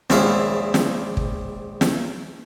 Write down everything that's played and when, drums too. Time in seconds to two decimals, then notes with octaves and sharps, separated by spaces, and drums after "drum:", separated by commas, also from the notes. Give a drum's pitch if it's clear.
0.10 A#1 D#2 G#2 E4 F5, drum: snare
0.74 drum: snare
1.17 drum: kick
1.81 drum: snare